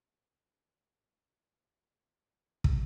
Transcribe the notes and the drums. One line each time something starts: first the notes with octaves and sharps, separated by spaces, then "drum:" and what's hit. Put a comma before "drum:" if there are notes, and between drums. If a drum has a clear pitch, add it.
D#3
G#2
drum: kick